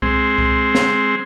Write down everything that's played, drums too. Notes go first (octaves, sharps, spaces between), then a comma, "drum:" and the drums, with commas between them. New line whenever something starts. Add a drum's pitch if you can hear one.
G#3 C4, drum: kick C2
drum: kick C2
drum: snare